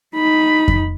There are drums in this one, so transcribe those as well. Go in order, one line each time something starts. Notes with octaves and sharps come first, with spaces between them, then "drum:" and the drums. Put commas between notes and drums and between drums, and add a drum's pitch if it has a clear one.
D#4 B5
drum: kick F2